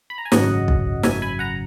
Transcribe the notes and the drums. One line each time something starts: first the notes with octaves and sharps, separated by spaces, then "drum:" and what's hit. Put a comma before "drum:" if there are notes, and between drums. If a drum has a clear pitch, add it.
B5
A#5
G#5
G#1 F#2 C#3 F#3 D#5 F#5, drum: snare
drum: kick B1
E5 G#5, drum: snare
G#5 B5
F#5 A#5